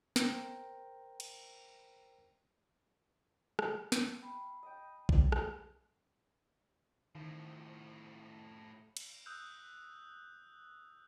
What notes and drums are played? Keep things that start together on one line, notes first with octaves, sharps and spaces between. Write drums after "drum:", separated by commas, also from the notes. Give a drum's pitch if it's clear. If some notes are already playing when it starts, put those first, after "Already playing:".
A#4 C5 G5 A#5, drum: snare
drum: cymbal
A4, drum: rim click
F5, drum: snare
F5 G5 B5
D#5 G5
G#4 D5, drum: kick A#1
drum: rim click
A2 D#3 F3
drum: cymbal
D#6 E6 F#6 G6